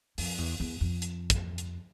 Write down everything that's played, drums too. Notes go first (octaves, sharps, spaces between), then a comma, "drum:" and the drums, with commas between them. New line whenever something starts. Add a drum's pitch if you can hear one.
F2, drum: open hi-hat
E2
E2
F2
drum: hi-hat
drum: kick, hi-hat
drum: hi-hat